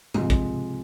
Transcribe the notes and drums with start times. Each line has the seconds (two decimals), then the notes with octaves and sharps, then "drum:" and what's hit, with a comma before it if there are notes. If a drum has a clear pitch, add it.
0.14 C3 F3 G#3, drum: tom G#2
0.30 drum: kick